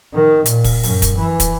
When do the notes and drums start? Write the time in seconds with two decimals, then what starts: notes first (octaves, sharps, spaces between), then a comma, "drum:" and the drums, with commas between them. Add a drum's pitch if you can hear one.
0.14 D#3
0.46 A#2, drum: hi-hat
0.64 drum: kick, open hi-hat
0.83 F#2, drum: open hi-hat
1.02 drum: kick, hi-hat
1.18 E3
1.40 drum: kick, hi-hat